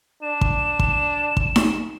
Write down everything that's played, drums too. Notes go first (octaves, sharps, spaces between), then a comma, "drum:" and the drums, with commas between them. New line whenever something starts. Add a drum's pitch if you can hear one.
D4 E7
drum: kick
drum: kick
drum: kick
drum: snare D#4